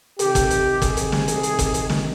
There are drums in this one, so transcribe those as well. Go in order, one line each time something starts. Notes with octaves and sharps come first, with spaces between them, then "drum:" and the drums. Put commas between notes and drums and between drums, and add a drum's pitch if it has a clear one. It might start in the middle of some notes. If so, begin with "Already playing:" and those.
C3 D#3 G4, drum: hi-hat
drum: kick, hi-hat
drum: hi-hat
G#4, drum: kick, hi-hat
drum: hi-hat
drum: snare
drum: hi-hat
C3 D#3, drum: hi-hat
drum: kick, hi-hat
drum: hi-hat
drum: snare